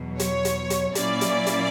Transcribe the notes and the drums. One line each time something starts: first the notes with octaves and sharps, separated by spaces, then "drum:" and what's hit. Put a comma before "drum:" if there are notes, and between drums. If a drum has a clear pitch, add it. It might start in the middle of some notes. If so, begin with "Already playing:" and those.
Already playing: E2 B2 F#3
C#5, drum: hi-hat
drum: hi-hat
drum: hi-hat
A#2 F#3 A#3 C#4 E4 D5, drum: hi-hat
drum: hi-hat
drum: hi-hat